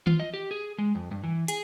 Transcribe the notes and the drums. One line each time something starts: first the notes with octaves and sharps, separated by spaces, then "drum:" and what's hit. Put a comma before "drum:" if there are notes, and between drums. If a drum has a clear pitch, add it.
F4, drum: tom D#3
D#5
G4
G#4
G#3
F2
G2
E3
G#4, drum: hi-hat